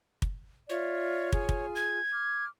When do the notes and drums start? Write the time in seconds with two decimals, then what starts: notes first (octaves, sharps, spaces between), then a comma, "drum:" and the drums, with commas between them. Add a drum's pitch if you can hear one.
0.22 drum: kick
0.69 F4 C#5 D5 E5
1.32 F4 G#4 G#5, drum: kick
1.49 drum: kick
1.76 G#6
2.12 D6 F6